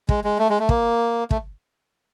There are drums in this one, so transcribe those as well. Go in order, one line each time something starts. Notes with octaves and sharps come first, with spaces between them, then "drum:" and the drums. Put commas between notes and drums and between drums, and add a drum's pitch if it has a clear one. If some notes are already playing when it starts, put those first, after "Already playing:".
G#3, drum: kick
G#3
A3
G#3
A3
A#3, drum: kick
A3, drum: kick